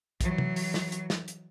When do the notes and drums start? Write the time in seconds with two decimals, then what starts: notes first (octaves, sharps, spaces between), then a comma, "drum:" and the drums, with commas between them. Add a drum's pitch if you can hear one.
0.21 E3 F#3, drum: kick, hi-hat
0.38 drum: tom
0.56 drum: open hi-hat
0.74 drum: snare
0.92 drum: hi-hat
1.10 drum: snare
1.28 drum: hi-hat